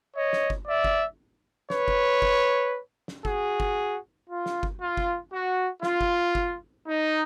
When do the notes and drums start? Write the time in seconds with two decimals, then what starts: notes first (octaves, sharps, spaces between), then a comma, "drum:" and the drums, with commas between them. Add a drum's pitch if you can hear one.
0.15 C#5 D#5
0.33 drum: snare
0.50 drum: kick G1
0.67 D5 E5
0.84 drum: kick G1
1.70 B4 C#5, drum: snare
1.88 drum: kick G1
2.22 drum: kick G1
3.08 drum: snare
3.25 F#4 G#4, drum: kick G1
3.60 drum: kick G1
4.28 F4
4.46 drum: snare
4.63 drum: kick G1
4.80 F4
4.97 drum: kick G1
5.32 F#4
5.83 F4, drum: snare
6.01 drum: kick G1
6.35 drum: kick G1
6.87 D#4